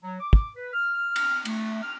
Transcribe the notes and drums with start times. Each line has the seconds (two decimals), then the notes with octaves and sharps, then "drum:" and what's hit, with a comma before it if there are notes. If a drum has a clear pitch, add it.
0.02 F#3
0.20 D6
0.33 drum: kick
0.56 B4
0.73 F6
1.16 drum: cymbal
1.45 A3, drum: cymbal
1.82 F6